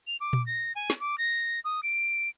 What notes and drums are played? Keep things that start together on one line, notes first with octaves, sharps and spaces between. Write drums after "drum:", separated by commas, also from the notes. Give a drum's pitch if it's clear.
F7
D6
drum: tom A#2
A#6
G#5
drum: snare
D6
A#6
D#6
D7